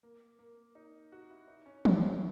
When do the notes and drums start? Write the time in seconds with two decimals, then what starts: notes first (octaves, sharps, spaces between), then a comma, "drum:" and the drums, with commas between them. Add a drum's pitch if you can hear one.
0.03 A#3
0.39 A#3
0.75 D#4
1.12 F#4
1.30 E4
1.48 D#4
1.66 C#4
1.85 E4, drum: tom
2.03 F#4